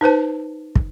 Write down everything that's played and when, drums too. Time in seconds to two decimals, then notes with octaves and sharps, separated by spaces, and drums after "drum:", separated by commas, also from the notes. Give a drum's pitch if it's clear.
0.01 D#4 B4 C5 A5
0.75 drum: kick